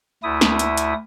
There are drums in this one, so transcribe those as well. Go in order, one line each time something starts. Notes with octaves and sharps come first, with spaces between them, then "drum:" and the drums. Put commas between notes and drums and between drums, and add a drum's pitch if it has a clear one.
D2 A3 E4 D#6
drum: snare
drum: hi-hat
drum: hi-hat